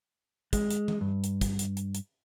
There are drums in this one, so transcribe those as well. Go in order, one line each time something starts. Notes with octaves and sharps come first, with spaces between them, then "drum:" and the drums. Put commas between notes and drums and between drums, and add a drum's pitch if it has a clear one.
G#3, drum: kick, hi-hat
drum: hi-hat
drum: tom E3
G2
drum: hi-hat
drum: kick, hi-hat
drum: hi-hat
drum: hi-hat
drum: hi-hat